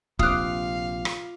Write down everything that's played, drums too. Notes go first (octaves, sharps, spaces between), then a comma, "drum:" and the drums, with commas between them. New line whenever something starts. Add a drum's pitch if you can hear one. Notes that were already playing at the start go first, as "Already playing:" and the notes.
A#1 C3 F4 F5 D6 D#6 F#6, drum: kick
drum: rim click